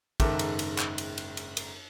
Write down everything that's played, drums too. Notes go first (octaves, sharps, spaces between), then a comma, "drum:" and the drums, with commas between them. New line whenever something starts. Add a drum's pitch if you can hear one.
F#1 G#2 D#3 A4 E5 D6, drum: kick, cymbal
drum: cymbal
drum: cymbal
drum: clap
drum: cymbal
drum: cymbal
drum: cymbal
drum: cymbal